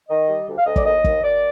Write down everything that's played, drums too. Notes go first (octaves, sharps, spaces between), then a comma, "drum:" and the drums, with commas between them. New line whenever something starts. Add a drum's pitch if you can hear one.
D#3 D#5
G3
D2
F5
D2 D#5
D5, drum: kick
D#2 D#5
D#2, drum: kick
D#2 D5